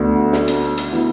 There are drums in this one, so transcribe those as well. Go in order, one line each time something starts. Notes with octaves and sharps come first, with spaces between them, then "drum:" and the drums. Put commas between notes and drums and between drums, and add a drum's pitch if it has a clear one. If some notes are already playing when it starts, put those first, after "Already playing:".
Already playing: D2 D3 B3 D4 F#4
drum: snare
drum: hi-hat
drum: hi-hat
E3 B3 E4